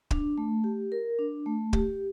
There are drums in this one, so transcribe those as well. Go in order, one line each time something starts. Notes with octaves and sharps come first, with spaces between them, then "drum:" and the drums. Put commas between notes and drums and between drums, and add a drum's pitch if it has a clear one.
D4, drum: kick
A3
G4
A#4
D4
A3
G4, drum: kick